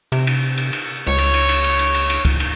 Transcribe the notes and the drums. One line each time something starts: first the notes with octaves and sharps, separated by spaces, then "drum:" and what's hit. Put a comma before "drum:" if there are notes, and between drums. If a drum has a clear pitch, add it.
C3, drum: cymbal
drum: cymbal
drum: cymbal
drum: cymbal
C#2 C#5
drum: cymbal
drum: cymbal
drum: cymbal
drum: cymbal
drum: cymbal
drum: cymbal
drum: cymbal
drum: kick, cymbal
drum: cymbal